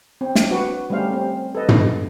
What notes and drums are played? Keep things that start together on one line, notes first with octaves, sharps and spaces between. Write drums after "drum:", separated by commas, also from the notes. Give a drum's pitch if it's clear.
C4
D4, drum: snare
F#4 B4
G3 A3 C#4 C5 F5
C4
A4 B4 D#5
drum: tom